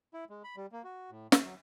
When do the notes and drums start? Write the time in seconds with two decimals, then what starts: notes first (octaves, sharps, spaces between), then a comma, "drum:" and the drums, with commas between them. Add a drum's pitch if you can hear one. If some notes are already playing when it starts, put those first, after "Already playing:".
0.14 E4
0.30 G#3
0.44 B5
0.56 G3
0.72 A#3
0.84 F#4
1.11 A2
1.32 C#4, drum: snare
1.44 F#3